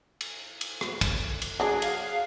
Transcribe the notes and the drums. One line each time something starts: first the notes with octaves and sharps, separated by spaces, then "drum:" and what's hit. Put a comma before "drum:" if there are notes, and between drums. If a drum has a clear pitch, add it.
drum: cymbal
drum: cymbal
drum: rim click
drum: kick, cymbal
drum: cymbal
F#3 D4 G#4
F5, drum: cymbal